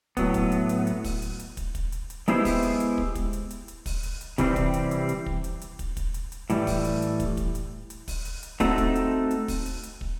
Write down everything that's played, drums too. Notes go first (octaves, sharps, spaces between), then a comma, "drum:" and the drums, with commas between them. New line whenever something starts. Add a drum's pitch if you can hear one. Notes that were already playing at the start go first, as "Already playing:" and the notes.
A2 F#3 B3, drum: kick, hi-hat
drum: kick, hi-hat
drum: hi-hat
drum: hi-hat
drum: hi-hat
drum: kick, open hi-hat
drum: hi-hat
drum: hi-hat
drum: kick, hi-hat
drum: kick, hi-hat
drum: hi-hat
drum: hi-hat
G#3 B3 E4 G4 C5, drum: hi-hat
drum: kick, open hi-hat
drum: hi-hat
drum: hi-hat
drum: kick
drum: kick, hi-hat
drum: hi-hat
drum: hi-hat
drum: hi-hat
drum: kick, open hi-hat
drum: hi-hat
drum: hi-hat
C3 E3 G3 C4, drum: kick, hi-hat
drum: kick, hi-hat
drum: hi-hat
drum: hi-hat
drum: hi-hat
drum: kick
drum: hi-hat
drum: hi-hat
drum: kick, hi-hat
drum: kick, hi-hat
drum: hi-hat
drum: hi-hat
A2 E3 G3, drum: hi-hat
drum: kick, open hi-hat
drum: hi-hat
drum: hi-hat
drum: kick, hi-hat
drum: kick, hi-hat
drum: hi-hat
drum: hi-hat
drum: kick, open hi-hat
drum: hi-hat
drum: hi-hat
A3 C4 D#4 F#4 A4, drum: kick, hi-hat
drum: kick, hi-hat
drum: hi-hat
drum: hi-hat
drum: kick, open hi-hat
drum: hi-hat
drum: hi-hat
drum: kick